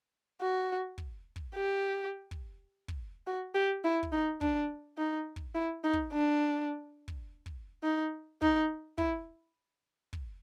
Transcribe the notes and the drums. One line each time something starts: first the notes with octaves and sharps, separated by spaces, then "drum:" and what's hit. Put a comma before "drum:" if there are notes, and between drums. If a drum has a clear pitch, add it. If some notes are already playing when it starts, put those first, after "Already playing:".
F#4
drum: kick
drum: kick
G4
drum: kick
drum: kick
F#4
G4
E4
drum: kick
D#4
D4, drum: kick
D#4
drum: kick
E4
D#4
drum: kick
D4
drum: kick
drum: kick
D#4
D#4, drum: kick
E4, drum: kick
drum: kick